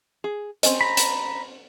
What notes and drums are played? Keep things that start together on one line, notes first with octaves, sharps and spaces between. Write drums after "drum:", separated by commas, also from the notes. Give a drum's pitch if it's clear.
G#4
C4 C#4 D#5, drum: hi-hat
A#5 B5
drum: hi-hat